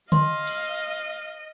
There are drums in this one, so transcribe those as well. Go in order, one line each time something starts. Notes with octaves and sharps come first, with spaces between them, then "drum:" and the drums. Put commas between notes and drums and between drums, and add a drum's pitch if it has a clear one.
D#5 F5 C6, drum: tom D3
drum: cymbal